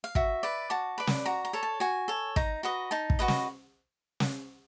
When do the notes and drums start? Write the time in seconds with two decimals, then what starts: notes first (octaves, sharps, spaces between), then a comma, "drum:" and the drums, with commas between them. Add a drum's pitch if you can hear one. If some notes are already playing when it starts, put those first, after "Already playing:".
0.04 F5
0.15 F#4 E5, drum: kick
0.43 B4 D5
0.70 F#4 A5
0.98 B4 D5
1.07 drum: snare
1.26 F#4 A#5
1.45 A#5
1.53 A4 C#5
1.63 A5
1.80 F#4 G#5
2.08 A4 C#5
2.36 D#4 A#5, drum: kick
2.63 F#4 B4 D#5
2.91 D#4 A5
3.10 drum: kick
3.19 F#4 B4 D#5
3.28 drum: snare
4.20 drum: snare